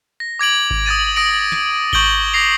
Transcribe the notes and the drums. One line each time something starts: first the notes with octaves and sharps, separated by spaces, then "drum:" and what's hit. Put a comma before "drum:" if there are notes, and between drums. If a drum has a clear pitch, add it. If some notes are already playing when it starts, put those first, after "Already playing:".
A#6
D6 G#6 D7 F#7
drum: kick G#1
D#6 G#6 A6 D#7
D#6 A#6 D7
drum: snare
C#6 G6 D7 F#7 G7, drum: kick G#1
D6 A#6 C7 F7